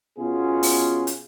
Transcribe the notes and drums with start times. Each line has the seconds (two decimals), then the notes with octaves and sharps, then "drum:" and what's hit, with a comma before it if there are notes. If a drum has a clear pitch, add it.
0.18 B2 B3 C#4 F4 G#4
0.63 drum: open hi-hat
1.07 drum: hi-hat